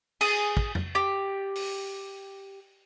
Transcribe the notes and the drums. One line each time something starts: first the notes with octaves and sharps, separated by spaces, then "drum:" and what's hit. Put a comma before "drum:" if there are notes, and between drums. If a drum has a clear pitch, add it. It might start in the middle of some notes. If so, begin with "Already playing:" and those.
G#4, drum: cymbal
drum: kick
drum: tom F2
G4
drum: open hi-hat